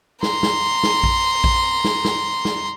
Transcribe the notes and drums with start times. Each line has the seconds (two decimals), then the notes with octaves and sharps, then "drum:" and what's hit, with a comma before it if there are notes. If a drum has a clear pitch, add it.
0.23 A#5 C6, drum: snare
0.43 drum: snare
0.83 drum: snare
1.04 drum: kick A#1
1.44 drum: kick A#1
1.84 drum: snare
2.05 drum: snare
2.45 drum: snare